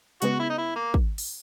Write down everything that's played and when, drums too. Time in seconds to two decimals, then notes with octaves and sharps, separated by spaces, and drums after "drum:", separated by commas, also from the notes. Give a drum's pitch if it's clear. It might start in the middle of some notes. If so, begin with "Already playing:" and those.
0.22 C#3 G#3 B3 F#4, drum: hi-hat
0.40 E4
0.50 D#4
0.58 E4
0.76 A#3
0.94 drum: kick
1.18 drum: open hi-hat